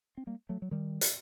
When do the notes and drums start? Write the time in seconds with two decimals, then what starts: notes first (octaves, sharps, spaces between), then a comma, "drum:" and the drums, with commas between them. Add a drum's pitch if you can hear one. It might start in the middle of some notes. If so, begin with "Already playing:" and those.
0.17 C4
0.27 G3 A#3
0.49 F#3 A3
0.62 F#3
0.71 D#3 G3
1.01 drum: hi-hat